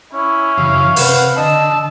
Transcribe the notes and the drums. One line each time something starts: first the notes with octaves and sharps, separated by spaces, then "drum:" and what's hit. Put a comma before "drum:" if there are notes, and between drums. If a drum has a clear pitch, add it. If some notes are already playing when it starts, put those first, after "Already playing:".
C#4 E4
F#2 C#3 E3 F5
C3 B4 F#5, drum: open hi-hat
D3 D#5 A5 E6